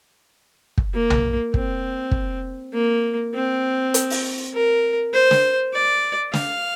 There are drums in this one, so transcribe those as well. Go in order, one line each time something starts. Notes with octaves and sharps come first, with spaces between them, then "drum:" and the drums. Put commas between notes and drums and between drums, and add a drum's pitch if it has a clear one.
drum: kick
A#3
drum: tom B1
C4, drum: kick
drum: kick
A#3
C4
drum: hi-hat
drum: open hi-hat
A#4
C5
drum: snare
D5
F5, drum: snare